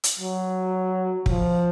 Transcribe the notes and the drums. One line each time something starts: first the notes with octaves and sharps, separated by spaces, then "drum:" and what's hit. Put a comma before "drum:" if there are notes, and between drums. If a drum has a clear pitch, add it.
drum: hi-hat
F#3
F3, drum: kick